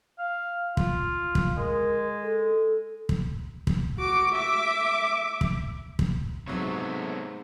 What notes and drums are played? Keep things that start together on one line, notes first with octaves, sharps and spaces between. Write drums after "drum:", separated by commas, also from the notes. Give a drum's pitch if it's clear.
F5
F4, drum: kick
drum: kick
G#3 A#4
A4
drum: kick
drum: kick
F#4 D6
E5 D6
drum: kick
drum: kick
G#2 C3 F#3 A3 B3 C#5